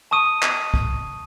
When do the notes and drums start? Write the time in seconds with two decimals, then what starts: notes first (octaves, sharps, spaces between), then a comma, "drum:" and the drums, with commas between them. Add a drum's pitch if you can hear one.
0.11 A5 C#6 D#6 D#7
0.42 drum: clap
0.74 drum: kick